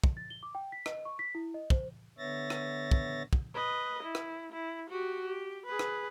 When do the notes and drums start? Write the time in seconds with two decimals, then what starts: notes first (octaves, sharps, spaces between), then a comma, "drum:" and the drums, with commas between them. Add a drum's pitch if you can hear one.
0.04 drum: kick
0.17 A6
0.30 G7
0.43 D6
0.55 G5
0.72 B6
0.86 D#5, drum: rim click
1.05 C#6
1.19 B6
1.35 E4
1.54 D#5
1.70 C5, drum: kick
2.18 D3 B3 C#5 E5 A6 A#6
2.50 drum: rim click
2.91 drum: kick
3.33 drum: kick
3.55 B4 D#5
4.03 E4
4.15 drum: rim click
4.52 E4
4.90 F#4 G4
5.26 G4
5.66 G#4 B4
5.79 drum: rim click